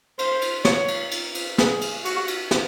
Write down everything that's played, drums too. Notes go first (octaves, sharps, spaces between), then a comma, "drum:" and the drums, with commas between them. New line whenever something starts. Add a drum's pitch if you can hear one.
C5, drum: cymbal
drum: cymbal
C#5, drum: snare
drum: cymbal
drum: cymbal
drum: cymbal
G#4, drum: snare
drum: cymbal
F#4, drum: cymbal
drum: cymbal
drum: snare